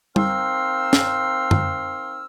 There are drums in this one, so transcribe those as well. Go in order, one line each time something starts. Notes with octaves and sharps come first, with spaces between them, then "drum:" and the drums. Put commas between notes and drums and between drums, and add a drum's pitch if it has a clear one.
A#3 C4 D#4 C6 E6 F6, drum: tom G3
drum: snare
drum: tom F#2